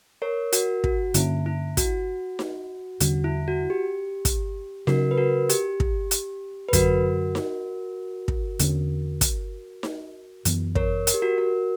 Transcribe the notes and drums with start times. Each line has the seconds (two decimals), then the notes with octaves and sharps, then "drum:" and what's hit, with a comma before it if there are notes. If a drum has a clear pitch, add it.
0.22 A#4 C#5
0.52 F#4 A#4, drum: hi-hat
0.84 F#4, drum: kick
1.14 G2 D3 A#3 C#4 E4, drum: hi-hat
1.46 E4
1.77 F#4, drum: kick, hi-hat
2.39 drum: snare D#4
3.00 E2 D3 G3 C#4 F#4, drum: hi-hat
3.24 E4
3.48 F#4
3.70 G4
4.25 drum: kick, hi-hat
4.87 C#3 F#3 C#4 F#4 A#4, drum: snare D#4
5.11 B4
5.18 F#4 A#4
5.49 G4, drum: hi-hat
5.80 drum: kick
6.11 drum: hi-hat
6.69 B4
6.73 F#2 D3 F#3 F#4 A#4, drum: kick, hi-hat
7.35 drum: snare D#4
8.28 drum: kick
8.59 E2 D3 A#3 C#4, drum: hi-hat
9.21 drum: kick, hi-hat
9.83 drum: snare D#4
10.45 F#2 E3 B3, drum: hi-hat
10.75 A#4 C#5, drum: kick
11.07 A#4, drum: hi-hat
11.14 G4
11.22 F#4 A#4
11.38 F#4 A#4